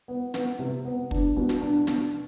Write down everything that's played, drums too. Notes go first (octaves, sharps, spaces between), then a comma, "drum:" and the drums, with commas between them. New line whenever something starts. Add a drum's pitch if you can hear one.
B3
B3, drum: snare
C3
B3
D4, drum: kick
B2
drum: snare
D4
B2, drum: snare